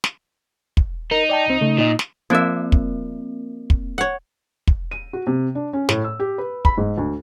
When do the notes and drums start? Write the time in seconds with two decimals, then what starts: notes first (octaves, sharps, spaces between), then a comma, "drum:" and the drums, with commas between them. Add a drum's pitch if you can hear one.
0.04 drum: snare
0.77 drum: kick
1.11 D#4 A#4
1.29 D5 G5 A5
1.48 C2 C4
1.61 C#3 A3
1.78 A#2 D#4 D#5
1.99 drum: snare
2.30 F3 A#3 C4 A#4 E5
2.72 drum: kick
3.70 drum: kick
3.98 C#5 F#5
4.67 drum: kick
4.91 D#7
5.13 F#4
5.27 C3
5.55 D4
5.73 C#4
5.89 A2, drum: snare
6.04 E6
6.20 G4
6.38 B4
6.65 B5, drum: kick
6.77 G#2
6.98 D2